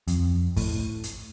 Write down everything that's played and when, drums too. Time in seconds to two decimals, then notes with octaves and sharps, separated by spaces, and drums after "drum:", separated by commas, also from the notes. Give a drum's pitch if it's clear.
0.08 F2, drum: hi-hat
0.57 A2, drum: kick, open hi-hat
1.03 drum: hi-hat